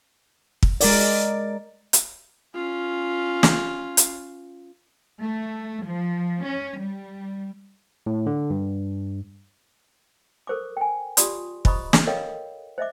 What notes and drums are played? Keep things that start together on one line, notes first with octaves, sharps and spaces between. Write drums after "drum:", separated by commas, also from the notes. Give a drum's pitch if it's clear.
drum: kick
G#3 A#4 D5, drum: open hi-hat
drum: hi-hat
C#4 F4
drum: snare
drum: hi-hat
A3
F3
C#4
G3
A2
D3
G2
A4 A#4 C5 C#6 D6
G5 G#5
F4 G4 D5 C6 D#6, drum: hi-hat
C5 D#5 A#5 B5 C#6 D#6, drum: kick
drum: snare
A4 A#4 C#5 D#5 F5 G5
C5 D#5 E5 D6